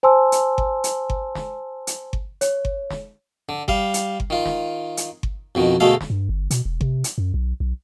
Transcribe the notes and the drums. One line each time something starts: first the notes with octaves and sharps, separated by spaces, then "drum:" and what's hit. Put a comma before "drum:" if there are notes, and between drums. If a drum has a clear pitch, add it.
C5 G#5 A5 C6 E6
drum: hi-hat
drum: kick G1
drum: hi-hat
drum: kick G1
drum: snare
drum: hi-hat
drum: kick G1
C#5, drum: hi-hat
drum: kick G1
drum: snare
D3
G3 F5, drum: kick G1
drum: hi-hat
drum: kick G1
D#3 F4
drum: snare
drum: hi-hat
drum: kick G1
F2 B2 D#3
D2 B2 G#3 A3 F5 A5
drum: snare
G2
G1
B2, drum: hi-hat
E1
C3, drum: kick G1
drum: hi-hat
F#2
B1
B1